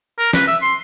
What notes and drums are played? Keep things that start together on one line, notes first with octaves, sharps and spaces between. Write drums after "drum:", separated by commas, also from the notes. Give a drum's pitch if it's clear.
A#4
B4, drum: snare
E5
C6